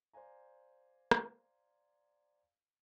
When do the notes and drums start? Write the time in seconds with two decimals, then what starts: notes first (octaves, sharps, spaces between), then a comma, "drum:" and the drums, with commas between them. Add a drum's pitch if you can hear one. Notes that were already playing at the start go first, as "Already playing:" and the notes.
0.13 C5 D5 F5 G#5 A#5
1.11 drum: rim click